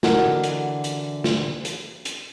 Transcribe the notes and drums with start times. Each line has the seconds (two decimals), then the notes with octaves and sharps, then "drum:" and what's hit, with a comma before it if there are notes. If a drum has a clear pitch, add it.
0.03 D3 E3 F#4 A#4 D#5 F#5, drum: snare
0.43 drum: hi-hat
0.84 drum: hi-hat
1.24 drum: snare
1.65 drum: hi-hat
2.05 drum: hi-hat